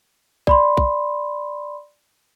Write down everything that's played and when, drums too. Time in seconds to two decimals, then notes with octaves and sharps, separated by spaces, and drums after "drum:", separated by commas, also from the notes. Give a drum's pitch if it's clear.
0.47 D5 B5 C6, drum: kick
0.77 drum: kick